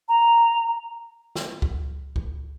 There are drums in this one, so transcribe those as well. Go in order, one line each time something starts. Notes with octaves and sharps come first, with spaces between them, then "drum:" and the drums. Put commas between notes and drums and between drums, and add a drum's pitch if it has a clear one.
A#5
drum: snare
drum: kick C#2
drum: kick C#2